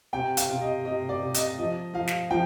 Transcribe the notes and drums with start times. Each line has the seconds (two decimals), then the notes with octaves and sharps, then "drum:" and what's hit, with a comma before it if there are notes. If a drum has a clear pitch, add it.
0.13 C3 G5
0.37 F5, drum: hi-hat
0.49 C3
0.61 D#5
0.85 C3 D#5
1.09 D5
1.21 C3
1.34 D#5, drum: hi-hat
1.58 F3 D#5
1.94 F3 F5
2.07 drum: snare
2.30 F3 G5